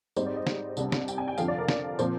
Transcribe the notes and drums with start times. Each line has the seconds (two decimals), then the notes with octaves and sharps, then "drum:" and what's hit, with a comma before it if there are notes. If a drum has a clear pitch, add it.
0.16 G#2 G3 C4 D#4 C5, drum: tambourine
0.26 D5
0.36 D#5
0.47 drum: snare
0.77 C2 C3 G3 D4, drum: tambourine
0.92 drum: snare
1.08 G5, drum: tambourine
1.18 G#5
1.28 G5
1.38 F2 D3 F3 F5, drum: tambourine
1.48 D5
1.58 A#4
1.68 drum: snare
1.99 A#2 F3 C4 C5, drum: tambourine